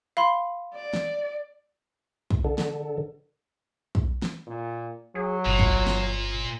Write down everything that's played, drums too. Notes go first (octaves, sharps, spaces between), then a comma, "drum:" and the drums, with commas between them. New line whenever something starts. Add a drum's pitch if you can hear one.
F5 B5 C6
D5
drum: snare
drum: kick
D3
drum: snare
drum: kick
drum: snare
A#2
F#3 G#4
G1 A#2
drum: kick
drum: snare